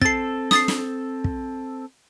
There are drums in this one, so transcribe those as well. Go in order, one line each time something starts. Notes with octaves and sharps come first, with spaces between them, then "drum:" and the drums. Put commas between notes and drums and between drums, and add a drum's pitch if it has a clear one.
C4 A4 A6 C7, drum: kick
D#6 A6 C7, drum: snare
drum: snare
drum: kick